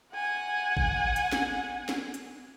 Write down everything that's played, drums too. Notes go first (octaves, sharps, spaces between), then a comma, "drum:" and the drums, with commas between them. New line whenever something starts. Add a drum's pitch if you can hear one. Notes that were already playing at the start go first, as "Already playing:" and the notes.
F#5 G#5
drum: kick G#1
drum: hi-hat
drum: snare
drum: snare
drum: hi-hat